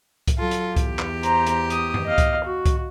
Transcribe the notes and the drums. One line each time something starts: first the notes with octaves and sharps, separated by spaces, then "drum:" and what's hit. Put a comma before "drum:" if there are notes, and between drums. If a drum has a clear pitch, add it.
drum: kick C2, hi-hat
F#3 F4 A4
drum: hi-hat
E2 G4, drum: kick C2, hi-hat
drum: clap
C5 A#5, drum: hi-hat
drum: hi-hat
D#6, drum: hi-hat
drum: tom F#2
D#5 F5
drum: kick C2, hi-hat
F#4
drum: kick C2, hi-hat